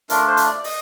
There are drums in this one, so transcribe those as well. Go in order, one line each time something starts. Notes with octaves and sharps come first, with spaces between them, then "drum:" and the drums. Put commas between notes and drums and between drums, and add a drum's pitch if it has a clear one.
A3 D4 F4 A#4, drum: hi-hat
C5
drum: hi-hat
D5
D#5, drum: open hi-hat